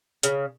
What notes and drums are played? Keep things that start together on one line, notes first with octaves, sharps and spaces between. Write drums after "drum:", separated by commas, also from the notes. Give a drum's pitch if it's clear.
C#3, drum: hi-hat